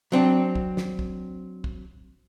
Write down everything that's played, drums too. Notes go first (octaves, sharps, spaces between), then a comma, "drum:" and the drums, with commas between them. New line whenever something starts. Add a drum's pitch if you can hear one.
F#3 C4 D4
drum: kick
drum: snare
drum: kick
drum: kick